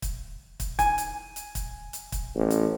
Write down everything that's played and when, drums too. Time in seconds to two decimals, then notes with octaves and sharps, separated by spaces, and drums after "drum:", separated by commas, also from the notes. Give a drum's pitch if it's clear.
0.02 drum: kick, hi-hat
0.60 drum: kick, hi-hat
0.79 G#5, drum: kick, hi-hat
0.98 drum: hi-hat
1.36 drum: hi-hat
1.55 drum: kick, hi-hat
1.93 drum: hi-hat
2.12 drum: kick, hi-hat
2.36 A1
2.50 drum: hi-hat